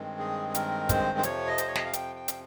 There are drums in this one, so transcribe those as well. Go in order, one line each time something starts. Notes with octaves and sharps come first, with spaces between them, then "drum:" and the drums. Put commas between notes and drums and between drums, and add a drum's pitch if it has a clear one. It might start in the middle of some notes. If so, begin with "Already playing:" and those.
Already playing: G2 D#3 G#3 C4
G#4
G#4
A#4, drum: hi-hat
C5, drum: kick, hi-hat
C5
F2 C3 F3 C#5, drum: hi-hat
D#5
C5, drum: hi-hat
C#5
D#5, drum: snare
F5
G5, drum: hi-hat
G5
drum: hi-hat